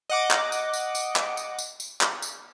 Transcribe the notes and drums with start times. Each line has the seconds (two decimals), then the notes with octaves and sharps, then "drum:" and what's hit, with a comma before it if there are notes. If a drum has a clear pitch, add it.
0.10 D#5 F#5 D6
0.31 drum: clap
0.52 drum: tambourine
0.73 drum: tambourine
0.95 drum: tambourine
1.16 drum: clap
1.37 drum: tambourine
1.59 drum: tambourine
1.80 drum: tambourine
2.01 drum: clap
2.22 drum: tambourine